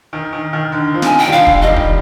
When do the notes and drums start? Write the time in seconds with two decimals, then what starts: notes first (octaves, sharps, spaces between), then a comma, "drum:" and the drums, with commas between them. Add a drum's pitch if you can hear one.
0.13 D#3
0.33 D#3
0.53 D#3
0.72 D3
0.94 F3
1.02 D#3 G#5, drum: snare
1.18 G5
1.27 G3
1.32 D3 F3 F5
1.47 drum: kick
1.62 D#3 G3 D#5
1.76 drum: kick